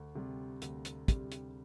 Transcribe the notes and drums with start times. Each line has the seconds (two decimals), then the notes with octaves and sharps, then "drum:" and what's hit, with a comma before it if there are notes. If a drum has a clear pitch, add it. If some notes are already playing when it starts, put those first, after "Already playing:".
Already playing: D2
0.15 C3 G3
0.62 D2, drum: hi-hat
0.85 drum: hi-hat
1.08 C3 G3, drum: kick, hi-hat
1.32 drum: hi-hat